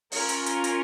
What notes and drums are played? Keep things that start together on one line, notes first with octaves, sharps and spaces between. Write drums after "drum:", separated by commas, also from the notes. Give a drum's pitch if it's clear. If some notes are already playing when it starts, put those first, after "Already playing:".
C#4 F4 A#4, drum: open hi-hat
drum: hi-hat
drum: hi-hat
drum: hi-hat